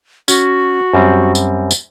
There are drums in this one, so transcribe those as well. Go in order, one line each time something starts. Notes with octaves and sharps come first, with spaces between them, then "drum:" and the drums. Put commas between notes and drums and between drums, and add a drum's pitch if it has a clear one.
C#4 F#4, drum: tambourine
F#2 G3 C4
drum: tambourine
drum: tambourine